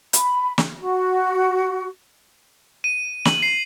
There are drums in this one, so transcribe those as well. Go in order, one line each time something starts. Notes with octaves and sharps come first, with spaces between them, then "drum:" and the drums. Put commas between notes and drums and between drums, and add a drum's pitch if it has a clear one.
B5, drum: hi-hat
drum: snare
F#4
D#7
F#7, drum: snare
C7